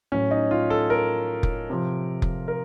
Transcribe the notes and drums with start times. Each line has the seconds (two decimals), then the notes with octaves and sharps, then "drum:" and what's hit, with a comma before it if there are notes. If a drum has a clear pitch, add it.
0.12 A2 F#3 C#4
0.31 D#4
0.51 F4
0.70 A4
0.90 A#4
1.43 drum: kick F1
1.70 C3 F3
2.22 drum: kick F1
2.48 A#4